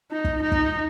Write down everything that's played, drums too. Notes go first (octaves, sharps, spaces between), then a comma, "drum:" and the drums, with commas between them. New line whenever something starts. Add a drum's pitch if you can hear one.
D#4
drum: kick
D#4
drum: kick